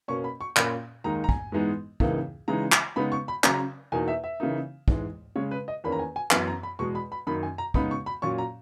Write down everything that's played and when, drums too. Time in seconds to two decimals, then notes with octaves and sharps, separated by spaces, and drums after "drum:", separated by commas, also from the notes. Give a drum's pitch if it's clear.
0.08 B2 A#3 C#4 C#6
0.24 B5
0.41 C#6
0.56 A#2 A#3 C#4 B5, drum: clap
1.04 D#2 D#3 G#3 D#4 A#5
1.24 A#5
1.29 G#5, drum: kick
1.52 G#2 E3 G#3 B3 D#4
2.00 C#2 C#3 E3 A#3 D#4, drum: kick
2.48 C#3 E3 G#3 D#4 A#5
2.72 drum: clap
2.96 C#3 G#3 B3 D#4 B5
3.12 C#6
3.28 B5
3.44 C#3 F#3 C#4 A#5, drum: clap
3.92 E2 B2 A#3 D#4 G#5
4.08 E5
4.24 E5
4.40 C#3 E3 A#3 D#4
4.88 G#2 E3 G#3, drum: kick
5.36 C#3 G#3 C#4 C#5
5.51 B4
5.68 D#5
5.84 E2 D#3 A#3 C#4 B5
5.92 A#5
5.99 G#5
6.16 G#5
6.31 F#2 E3 B3 G#5, drum: clap
6.47 A#5
6.63 B5
6.79 E2 B2 G#3 C#6
6.95 B5
7.12 B5
7.27 F#2 D#3 A#3 D#4 B5
7.43 G#5
7.58 A#5
7.74 C#3 G#3 B3 D#4 B5, drum: kick
7.91 C#6
8.06 B5
8.22 A#2 F#3 C#4 C#6
8.38 A#5